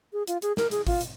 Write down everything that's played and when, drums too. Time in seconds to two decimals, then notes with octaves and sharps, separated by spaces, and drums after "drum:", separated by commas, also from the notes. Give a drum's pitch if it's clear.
0.13 G#4
0.27 F4, drum: hi-hat
0.42 G#4, drum: hi-hat
0.57 A#4, drum: snare
0.71 G#4, drum: hi-hat
0.87 F4, drum: kick G#1, open hi-hat
1.01 drum: hi-hat